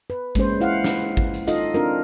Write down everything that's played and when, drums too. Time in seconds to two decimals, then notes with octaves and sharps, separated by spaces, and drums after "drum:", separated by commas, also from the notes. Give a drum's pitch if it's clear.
0.10 B4
0.35 G#3 A#3 C#4 C5, drum: kick G#1, hi-hat
0.61 E4 C5 F5 F#5
0.84 drum: snare
1.17 drum: kick G#1
1.34 drum: hi-hat
1.47 D#4 F4 A4 D#5 F5, drum: hi-hat
1.74 C4 D4 F4 A#4